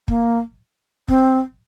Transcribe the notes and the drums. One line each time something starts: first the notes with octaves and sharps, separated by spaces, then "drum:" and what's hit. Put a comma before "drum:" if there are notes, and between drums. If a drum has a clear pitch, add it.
A#3, drum: kick
C4, drum: kick